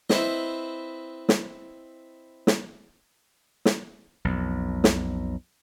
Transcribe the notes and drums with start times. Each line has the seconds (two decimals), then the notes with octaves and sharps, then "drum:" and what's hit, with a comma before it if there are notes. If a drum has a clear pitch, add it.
0.10 C4 E4 B4 C5 D#5, drum: snare
1.29 drum: snare
2.47 drum: snare
3.65 drum: snare
4.25 B1 F2
4.84 drum: snare